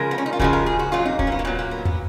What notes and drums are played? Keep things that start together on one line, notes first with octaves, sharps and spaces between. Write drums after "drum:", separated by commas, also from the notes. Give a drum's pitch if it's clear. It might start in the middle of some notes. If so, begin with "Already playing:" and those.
Already playing: C#3 F3 G#3 A#4
B3
C#4
D#4
F4
C#3 F3 G#3 F#4, drum: kick D#1
A#4
G#4
F#4
A#2 F#3 F4
D#4, drum: tom C4
C#4, drum: kick D#1
A#3
B3
A#3
A#2 F#3 B3
A#3
B3
B3, drum: tom E2